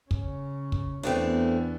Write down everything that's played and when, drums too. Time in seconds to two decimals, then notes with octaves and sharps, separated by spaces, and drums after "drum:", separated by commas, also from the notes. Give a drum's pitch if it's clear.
0.11 C#3 C#4, drum: kick
0.72 drum: kick
1.03 E2 A3 B3 C4 D4 E4